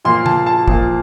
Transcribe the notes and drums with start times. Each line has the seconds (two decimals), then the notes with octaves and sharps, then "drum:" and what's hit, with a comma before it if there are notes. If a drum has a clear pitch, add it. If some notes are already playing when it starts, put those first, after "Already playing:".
0.05 A#2 F3 A#3 C6
0.26 A5, drum: tom
0.46 A5
0.68 A#2 F3 A#3, drum: kick